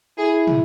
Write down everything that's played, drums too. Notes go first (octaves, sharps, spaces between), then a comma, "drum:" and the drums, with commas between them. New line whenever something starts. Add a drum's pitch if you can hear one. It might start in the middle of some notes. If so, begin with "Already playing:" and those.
E4 G#4
drum: tom